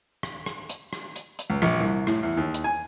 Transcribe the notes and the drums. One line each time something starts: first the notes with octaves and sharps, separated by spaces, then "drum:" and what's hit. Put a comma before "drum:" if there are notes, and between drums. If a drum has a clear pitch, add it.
drum: rim click
drum: rim click
drum: hi-hat
drum: rim click
drum: hi-hat
drum: hi-hat
C#2
A#1, drum: rim click
C2
A2, drum: rim click
E2
D#2
drum: hi-hat
G#5